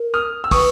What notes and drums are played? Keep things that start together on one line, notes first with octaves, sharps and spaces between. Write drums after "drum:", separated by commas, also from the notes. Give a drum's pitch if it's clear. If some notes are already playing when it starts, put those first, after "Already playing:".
Already playing: A#4
D#6 F6
E6
B4 C#6 D#6, drum: kick, open hi-hat